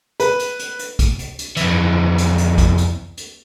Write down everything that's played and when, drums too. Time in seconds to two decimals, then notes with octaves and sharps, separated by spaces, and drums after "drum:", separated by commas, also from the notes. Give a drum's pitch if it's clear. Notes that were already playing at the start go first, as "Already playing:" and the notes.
0.20 B4, drum: hi-hat
0.39 drum: hi-hat
0.59 drum: hi-hat
0.79 drum: hi-hat
0.99 drum: kick, hi-hat
1.19 drum: hi-hat
1.39 drum: hi-hat
1.57 F2 E3, drum: hi-hat
2.18 drum: hi-hat
2.38 drum: hi-hat
2.58 drum: kick, hi-hat
2.78 drum: hi-hat
3.17 drum: hi-hat